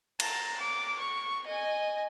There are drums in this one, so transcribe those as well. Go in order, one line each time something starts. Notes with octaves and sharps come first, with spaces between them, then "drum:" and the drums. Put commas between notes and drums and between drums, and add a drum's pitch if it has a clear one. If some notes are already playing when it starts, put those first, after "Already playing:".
A5 A#5, drum: cymbal
D6
C#6
D#5 G#5